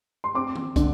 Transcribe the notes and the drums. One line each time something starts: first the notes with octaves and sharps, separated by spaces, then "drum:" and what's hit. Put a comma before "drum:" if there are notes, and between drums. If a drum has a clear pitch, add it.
C6
C4 D6
drum: tom D#3
D3, drum: kick, hi-hat